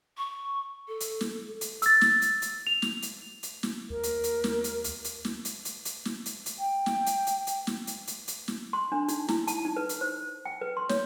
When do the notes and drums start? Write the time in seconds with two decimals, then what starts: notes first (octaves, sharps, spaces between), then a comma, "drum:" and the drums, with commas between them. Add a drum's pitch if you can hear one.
0.18 C#6
0.88 A4
1.00 drum: hi-hat
1.21 drum: snare
1.61 drum: hi-hat
1.82 E6 A6, drum: hi-hat
2.01 drum: snare
2.22 drum: hi-hat
2.42 drum: hi-hat
2.67 F7
2.82 drum: snare
3.02 drum: hi-hat
3.43 drum: hi-hat
3.63 drum: snare
3.90 D#2 A#4
4.03 drum: hi-hat
4.24 drum: hi-hat
4.44 drum: snare
4.64 drum: hi-hat
4.84 drum: hi-hat
5.04 drum: hi-hat
5.25 drum: snare
5.45 drum: hi-hat
5.65 drum: hi-hat
5.85 drum: hi-hat
6.05 drum: snare
6.26 drum: hi-hat
6.46 drum: hi-hat
6.59 G5
6.86 drum: snare
7.06 drum: hi-hat
7.27 drum: hi-hat
7.47 drum: hi-hat
7.67 drum: snare
7.87 drum: hi-hat
8.07 drum: hi-hat
8.28 drum: hi-hat
8.48 drum: snare
8.73 C6
8.92 D4
9.08 D#4, drum: hi-hat
9.28 E4, drum: snare
9.47 A5, drum: hi-hat
9.65 D#4
9.76 B4
9.89 drum: hi-hat
10.01 C5
10.45 G5
10.61 B4
10.77 C6
10.89 C#5, drum: snare